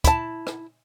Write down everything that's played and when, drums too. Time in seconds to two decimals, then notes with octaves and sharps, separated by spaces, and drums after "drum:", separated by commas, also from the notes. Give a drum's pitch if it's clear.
0.04 E4 A5, drum: kick, hi-hat
0.47 drum: rim click